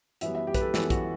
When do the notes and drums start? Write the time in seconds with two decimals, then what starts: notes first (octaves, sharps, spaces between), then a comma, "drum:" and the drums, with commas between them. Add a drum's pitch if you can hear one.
0.21 F#2 E3 G3 B3 E5, drum: hi-hat
0.35 E5
0.47 G4
0.54 B4, drum: kick, hi-hat
0.61 A4
0.74 F#2 E3 G3 B3 A4, drum: snare
0.90 F#4, drum: kick, hi-hat